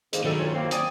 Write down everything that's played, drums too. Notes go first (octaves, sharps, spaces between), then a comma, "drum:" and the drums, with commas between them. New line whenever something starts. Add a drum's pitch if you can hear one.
F2 G#2 D#3 A#3, drum: hi-hat
D2 D#3 F#3 G3 B3 A4
C#4 F4 C#5
A#3 C4
D5 G#5 D#6, drum: hi-hat